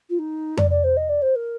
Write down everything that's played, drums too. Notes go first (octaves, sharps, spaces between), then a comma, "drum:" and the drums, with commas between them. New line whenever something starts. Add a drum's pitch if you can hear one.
F4
D#4
D5, drum: tom F2
D5
C5
D#5
D5
C5
A#4